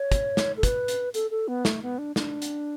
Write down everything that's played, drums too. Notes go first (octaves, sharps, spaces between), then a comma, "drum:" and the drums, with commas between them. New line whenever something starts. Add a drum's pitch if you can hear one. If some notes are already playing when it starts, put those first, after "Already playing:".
Already playing: C#5
drum: kick, hi-hat
drum: snare
A4
B4, drum: kick, hi-hat
drum: hi-hat
A4, drum: hi-hat
A4
B3
A3, drum: snare
B3
D4
D4, drum: snare
drum: hi-hat